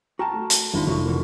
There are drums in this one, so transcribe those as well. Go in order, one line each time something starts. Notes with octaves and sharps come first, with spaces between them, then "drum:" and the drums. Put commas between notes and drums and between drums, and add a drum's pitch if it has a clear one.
F#4 G5 A5 A#5 F6
A3
drum: hi-hat
G#1 D4 E4 F4
F1 E2 G2 F#3 C#6
D3 E3 A#3